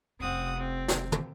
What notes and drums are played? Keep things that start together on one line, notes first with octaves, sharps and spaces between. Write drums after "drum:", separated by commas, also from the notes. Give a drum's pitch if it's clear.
F1 C4 C#4 F#5 D#6
C4
drum: snare
drum: tom